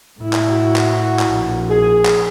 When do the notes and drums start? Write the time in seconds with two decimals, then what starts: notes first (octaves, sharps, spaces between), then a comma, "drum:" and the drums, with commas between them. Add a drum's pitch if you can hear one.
0.19 A2 E4
0.33 drum: clap
0.50 F#4
0.76 drum: clap
1.19 drum: clap
1.30 A#1
1.70 G#4
2.06 drum: clap